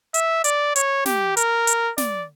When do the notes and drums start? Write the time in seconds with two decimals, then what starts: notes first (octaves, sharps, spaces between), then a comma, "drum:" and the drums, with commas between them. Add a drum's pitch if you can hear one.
0.14 E5, drum: hi-hat
0.44 D5, drum: hi-hat
0.76 C#5, drum: hi-hat
1.06 G4, drum: snare
1.37 A#4, drum: hi-hat
1.67 drum: hi-hat
1.98 D5, drum: snare